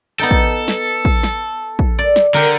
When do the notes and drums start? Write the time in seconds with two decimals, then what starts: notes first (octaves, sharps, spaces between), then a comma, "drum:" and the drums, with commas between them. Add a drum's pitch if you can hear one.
0.20 B3 D#4 A4 G5
0.31 drum: kick
0.68 drum: snare
1.05 drum: kick
1.23 drum: snare
1.79 drum: kick
1.99 D5
2.16 drum: snare
2.35 D3 G4 A#4